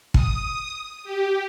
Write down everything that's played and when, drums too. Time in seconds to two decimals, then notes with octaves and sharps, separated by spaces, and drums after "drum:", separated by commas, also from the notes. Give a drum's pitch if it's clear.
0.14 D#6, drum: kick
1.04 G4